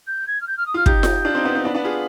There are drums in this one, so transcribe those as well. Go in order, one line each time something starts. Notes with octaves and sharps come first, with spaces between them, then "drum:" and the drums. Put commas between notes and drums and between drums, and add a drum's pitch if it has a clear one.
G6
G#6
F6
G6
F6
D#6
F4 F6
D#4 G4 G6, drum: kick
drum: snare F4
D4 F4
C4 D#4
B3 D4
C4 D#4
B3 D4 B5
B3 D4
F4 G#4